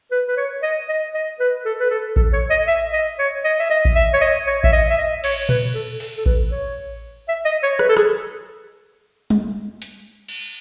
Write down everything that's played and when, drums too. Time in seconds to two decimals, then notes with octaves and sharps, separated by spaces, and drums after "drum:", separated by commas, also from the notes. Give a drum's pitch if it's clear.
0.11 B4
0.28 B4
0.37 C#5
0.63 D#5
0.88 D#5
1.14 D#5
1.40 B4
1.65 A4
1.79 B4
1.90 A4
2.16 A4, drum: kick A1
2.33 C#5
2.50 D#5
2.67 E5
2.93 D#5
3.19 C#5
3.44 D#5
3.59 E5
3.70 D#5
3.85 drum: kick A1
3.95 E5
4.14 C#5
4.21 D#5
4.47 C#5
4.64 E5, drum: kick A1
4.72 D#5
4.90 E5
4.98 D#5
5.24 C#5, drum: cymbal
5.49 B4, drum: tom A#2
5.75 A4
6.00 A4, drum: open hi-hat
6.17 A4
6.26 B4, drum: kick A1
6.52 C#5
7.28 E5
7.45 D#5
7.63 C#5
7.79 B4, drum: rim click
7.89 A4
7.97 G#4, drum: rim click
9.30 drum: tom G3
9.82 drum: hi-hat
10.28 drum: cymbal